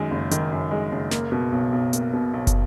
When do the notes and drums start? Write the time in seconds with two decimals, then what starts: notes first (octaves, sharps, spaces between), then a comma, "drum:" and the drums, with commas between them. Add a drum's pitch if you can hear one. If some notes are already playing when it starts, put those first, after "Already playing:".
Already playing: F#2 D#3 G#3
0.11 F#1
0.31 D#3, drum: hi-hat
0.52 F#2
0.71 G#3
0.92 F#1
1.11 A#3, drum: snare
1.32 B2
1.52 B1
1.72 B1
1.93 A#3, drum: hi-hat
2.13 B2
2.34 B1
2.47 drum: kick, hi-hat